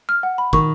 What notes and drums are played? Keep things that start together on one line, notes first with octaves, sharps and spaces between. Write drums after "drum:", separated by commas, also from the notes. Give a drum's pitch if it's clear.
F6
F#5
B5
D#3 C#6, drum: kick